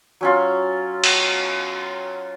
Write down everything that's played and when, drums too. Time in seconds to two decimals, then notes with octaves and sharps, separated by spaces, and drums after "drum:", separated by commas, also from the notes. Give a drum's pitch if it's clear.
0.21 F#3 C#4 F4
1.04 drum: cymbal